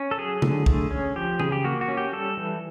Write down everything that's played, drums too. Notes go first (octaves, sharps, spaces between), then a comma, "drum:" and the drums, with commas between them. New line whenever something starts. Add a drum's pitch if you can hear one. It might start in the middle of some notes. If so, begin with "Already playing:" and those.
Already playing: C#4
A4
F#3 G#4
D3, drum: tom C3
A3, drum: kick
C#4
F3 G4
C#3 G#4, drum: tom E3
G4
A#3 F#4
F#4
C#4
G4
G3 A4
E3